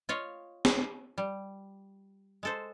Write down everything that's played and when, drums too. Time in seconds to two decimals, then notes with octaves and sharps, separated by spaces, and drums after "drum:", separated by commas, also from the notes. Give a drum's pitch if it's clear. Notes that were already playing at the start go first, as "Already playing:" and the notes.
0.09 F4 C#5 D#5 F5
0.65 drum: snare
1.18 G3
2.43 G#3 A4 C5